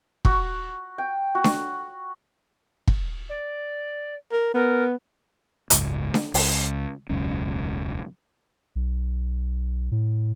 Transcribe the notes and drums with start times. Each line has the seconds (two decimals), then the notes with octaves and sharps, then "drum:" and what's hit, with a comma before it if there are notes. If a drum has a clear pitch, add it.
0.25 F#4, drum: kick
0.98 G5
1.35 F#4
1.44 drum: snare D4
2.88 drum: kick
3.29 D5
4.32 A#4
4.54 B3 A#4
5.70 F#1 C#2 G#2, drum: hi-hat
6.14 drum: snare D4
6.34 C#2, drum: open hi-hat
7.09 E1 C#2 F#2 C#4
8.75 B1
9.91 A2